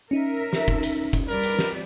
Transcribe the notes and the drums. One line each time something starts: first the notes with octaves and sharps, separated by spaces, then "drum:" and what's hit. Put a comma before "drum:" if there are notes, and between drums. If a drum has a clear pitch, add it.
C#4 D#4 A#4 E5
drum: snare
drum: kick F1
drum: hi-hat
drum: kick F1, hi-hat
G3 A#4 B4 D5
drum: hi-hat
drum: snare